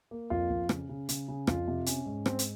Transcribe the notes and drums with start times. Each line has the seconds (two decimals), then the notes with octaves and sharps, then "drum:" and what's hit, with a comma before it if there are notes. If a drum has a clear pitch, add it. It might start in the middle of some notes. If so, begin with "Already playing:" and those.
0.11 A#3
0.30 F2 F4
0.50 F2
0.69 C#3, drum: rim click
0.89 C#3
1.09 C#3, drum: hi-hat
1.28 C#3
1.47 F2 F4, drum: rim click
1.68 C3
1.86 C#4, drum: hi-hat
2.06 G#2
2.26 C4, drum: rim click
2.39 drum: hi-hat